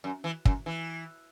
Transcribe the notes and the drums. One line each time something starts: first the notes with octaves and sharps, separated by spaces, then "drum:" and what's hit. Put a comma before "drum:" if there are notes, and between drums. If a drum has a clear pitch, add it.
F#2
E3
F#2, drum: kick
E3